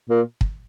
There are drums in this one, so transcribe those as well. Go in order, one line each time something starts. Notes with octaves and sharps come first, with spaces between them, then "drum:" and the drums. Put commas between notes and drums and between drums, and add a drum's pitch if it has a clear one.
A#2
drum: kick